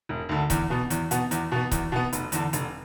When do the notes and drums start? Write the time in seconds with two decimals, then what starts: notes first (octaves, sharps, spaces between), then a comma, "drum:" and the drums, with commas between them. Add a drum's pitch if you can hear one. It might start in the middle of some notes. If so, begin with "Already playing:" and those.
0.09 E1
0.29 D2 D3
0.50 E2, drum: kick C#1, hi-hat
0.70 B2 B3
0.90 E2, drum: hi-hat
1.11 B2 B3, drum: hi-hat
1.31 E2, drum: hi-hat
1.52 B2 B3
1.71 E2, drum: kick C#1, hi-hat
1.92 B2 B3
2.13 F1, drum: hi-hat
2.32 E2 D3, drum: hi-hat
2.53 F1, drum: hi-hat